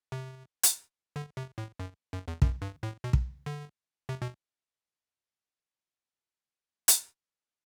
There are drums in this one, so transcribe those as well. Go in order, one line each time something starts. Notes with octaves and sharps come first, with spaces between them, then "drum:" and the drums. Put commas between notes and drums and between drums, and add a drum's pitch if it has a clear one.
C3
drum: hi-hat
D3
C3
A2
F#2
F#2
E2
F#2, drum: kick
G2
A2
B2
drum: kick
D3
C3
B2
drum: hi-hat